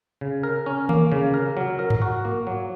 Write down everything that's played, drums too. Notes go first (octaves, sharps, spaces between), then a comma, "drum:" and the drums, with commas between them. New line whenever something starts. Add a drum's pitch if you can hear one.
C#3
A#4
C#4
A#3, drum: tom D#3
C#3
A#4
F#3
A#4
drum: tom G2
F#4
A#3
F#3